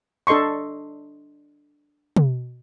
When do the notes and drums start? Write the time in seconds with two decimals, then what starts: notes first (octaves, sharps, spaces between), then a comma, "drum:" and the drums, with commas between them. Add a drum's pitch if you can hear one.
0.27 D4 A4 D#5 C6 C#6
2.16 drum: tom